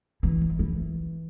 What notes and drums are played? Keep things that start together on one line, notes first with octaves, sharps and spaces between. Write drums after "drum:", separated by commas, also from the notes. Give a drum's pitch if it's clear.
E3
drum: kick G1
E3